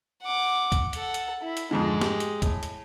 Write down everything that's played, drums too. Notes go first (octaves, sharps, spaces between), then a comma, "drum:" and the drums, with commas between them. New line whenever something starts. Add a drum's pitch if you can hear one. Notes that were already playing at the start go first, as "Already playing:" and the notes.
F#5 D6
drum: kick, hi-hat
A4 F#5, drum: hi-hat
drum: hi-hat
E4
drum: hi-hat
F2 G#2 D3 G#3
G4, drum: snare
drum: hi-hat
A2, drum: kick, hi-hat
drum: hi-hat